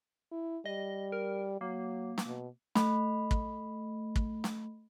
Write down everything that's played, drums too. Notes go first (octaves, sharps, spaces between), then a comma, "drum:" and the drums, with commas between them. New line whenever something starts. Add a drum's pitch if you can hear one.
E4
G3 D#5
A#4
F#3 A#3
drum: snare
B2
A3 B5, drum: snare
drum: kick
drum: kick
drum: snare